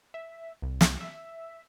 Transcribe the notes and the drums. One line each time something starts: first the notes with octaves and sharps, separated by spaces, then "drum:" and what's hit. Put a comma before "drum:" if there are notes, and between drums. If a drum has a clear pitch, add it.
E5
C2
drum: snare
E5